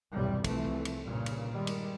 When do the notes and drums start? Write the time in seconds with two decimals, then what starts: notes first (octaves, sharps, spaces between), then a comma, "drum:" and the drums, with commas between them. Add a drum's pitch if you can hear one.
0.13 B1 E2 G2 C3 G3
0.44 C2 C3 E3 F3 A3 C4, drum: kick, cymbal
0.65 drum: kick
0.85 drum: cymbal
1.04 G2 A#2 C#3
1.26 drum: cymbal
1.52 D#3 G3 G#3
1.67 drum: cymbal